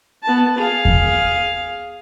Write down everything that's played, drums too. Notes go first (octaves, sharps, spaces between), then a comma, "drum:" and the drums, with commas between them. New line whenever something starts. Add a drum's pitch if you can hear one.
B3 A5
G#4 F5
drum: kick E2